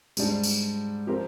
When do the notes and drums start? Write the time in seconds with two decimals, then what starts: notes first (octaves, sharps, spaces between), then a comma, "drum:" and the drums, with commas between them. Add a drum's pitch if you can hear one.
0.17 G#2 G3 D4, drum: tambourine
0.43 drum: tambourine
1.07 F3 C4 G4 A#4